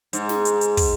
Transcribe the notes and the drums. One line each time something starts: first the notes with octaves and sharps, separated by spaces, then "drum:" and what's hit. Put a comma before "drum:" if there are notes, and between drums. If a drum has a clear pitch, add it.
G#2, drum: hi-hat
drum: snare
drum: hi-hat
drum: hi-hat
drum: kick, open hi-hat